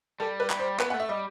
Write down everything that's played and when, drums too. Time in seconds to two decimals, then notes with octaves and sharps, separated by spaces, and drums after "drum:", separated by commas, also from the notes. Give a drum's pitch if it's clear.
0.20 G3 A4
0.40 B4
0.50 G3, drum: clap
0.59 C5
0.80 B3 B4, drum: clap
0.90 A3 F#5
1.00 E5
1.09 G3 D#5